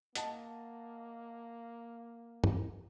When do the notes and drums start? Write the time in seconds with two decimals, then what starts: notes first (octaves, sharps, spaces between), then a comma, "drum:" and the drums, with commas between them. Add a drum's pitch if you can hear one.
0.15 A#3 D#5 F#5 A5, drum: hi-hat
2.44 drum: tom